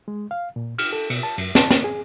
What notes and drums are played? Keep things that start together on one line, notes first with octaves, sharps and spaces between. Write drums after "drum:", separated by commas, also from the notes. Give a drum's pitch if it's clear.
G#3
F5
A#2
F6, drum: cymbal
A4
B2, drum: cymbal
A5
F#2, drum: cymbal
A5, drum: snare
A#3, drum: snare
G#4